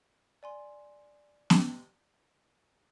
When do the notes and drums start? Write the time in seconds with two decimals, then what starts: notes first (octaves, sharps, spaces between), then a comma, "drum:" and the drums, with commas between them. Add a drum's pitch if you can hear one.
0.43 D5 G#5 C6
1.50 drum: snare B3